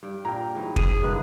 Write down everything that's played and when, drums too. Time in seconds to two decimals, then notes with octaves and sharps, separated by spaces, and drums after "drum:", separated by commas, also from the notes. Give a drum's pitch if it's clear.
0.03 G2 G5
0.25 A#2 C4 G5 A#5
0.55 G#2 E3 F#3
0.76 G#4 D#7, drum: kick
1.03 C2 G2 D3 B4